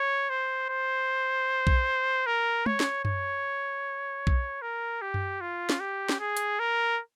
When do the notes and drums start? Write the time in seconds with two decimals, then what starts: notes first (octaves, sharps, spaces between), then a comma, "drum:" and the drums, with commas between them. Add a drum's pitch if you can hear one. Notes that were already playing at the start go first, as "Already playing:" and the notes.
Already playing: C#5
0.30 C5
0.69 C5
1.67 drum: kick B1
2.26 A#4
2.66 C#5, drum: tom
2.80 drum: snare
3.05 C#5, drum: tom F#2
4.27 drum: kick B1
4.62 A#4
5.01 G4
5.14 drum: tom F#2
5.41 F4
5.70 drum: snare
5.80 G4
6.09 drum: snare
6.19 G#4
6.37 drum: hi-hat
6.59 A#4